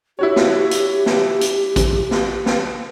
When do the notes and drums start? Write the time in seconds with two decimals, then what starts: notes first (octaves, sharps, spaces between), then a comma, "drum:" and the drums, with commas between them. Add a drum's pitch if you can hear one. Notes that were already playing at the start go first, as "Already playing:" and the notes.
0.19 E4 F#4 G4 C#5
0.36 drum: snare
0.71 drum: hi-hat
1.06 drum: snare
1.41 drum: hi-hat
1.76 drum: kick, hi-hat
2.11 drum: snare
2.46 drum: snare